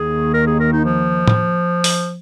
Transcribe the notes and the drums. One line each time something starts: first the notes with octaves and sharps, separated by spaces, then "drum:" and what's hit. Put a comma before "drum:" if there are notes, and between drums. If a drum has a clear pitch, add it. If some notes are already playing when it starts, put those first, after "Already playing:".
Already playing: D#2 D#3 G#4
A#4
G#4
A#4
D#4
F3
drum: tom A2
drum: open hi-hat